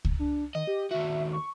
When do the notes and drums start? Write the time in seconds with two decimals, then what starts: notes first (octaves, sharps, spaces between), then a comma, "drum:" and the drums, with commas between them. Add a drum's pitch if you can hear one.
0.05 drum: kick C#2
0.19 D4
0.55 D#3 D#5
0.67 G4
0.91 D#2 F#4 E5
1.33 C#6